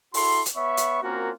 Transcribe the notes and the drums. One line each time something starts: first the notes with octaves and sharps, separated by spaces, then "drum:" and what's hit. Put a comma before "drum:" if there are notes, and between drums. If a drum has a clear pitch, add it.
E4 F#4 A4 C6, drum: open hi-hat
drum: hi-hat
B3 C#5 E5 B5 C#6
drum: hi-hat
A#3 C4 C#4 F4 F#4 A#4